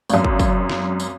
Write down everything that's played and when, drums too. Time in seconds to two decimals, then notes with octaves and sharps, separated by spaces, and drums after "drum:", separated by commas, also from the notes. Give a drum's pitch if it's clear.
0.09 G#1 F#2, drum: tambourine
0.24 drum: kick
0.39 drum: kick, tambourine
0.70 drum: snare
1.00 drum: tambourine